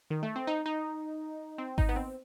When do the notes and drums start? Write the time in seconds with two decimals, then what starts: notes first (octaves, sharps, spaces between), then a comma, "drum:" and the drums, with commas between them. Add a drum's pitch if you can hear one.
0.10 D#3
0.23 A3
0.36 C4
0.47 D#4
0.66 D#4
1.58 C4
1.78 D#4, drum: kick G#1
1.89 B3
1.96 C4